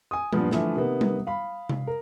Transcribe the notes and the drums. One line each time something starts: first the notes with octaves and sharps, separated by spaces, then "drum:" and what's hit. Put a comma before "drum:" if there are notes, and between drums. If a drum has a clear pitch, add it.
G#5 D#6
G2 A#2 F3 B3, drum: tom G3
D3 E3 F3 A3, drum: snare
C3 D#3 A#3 B3
drum: tom G3
F5 B5
drum: tom C3
A#4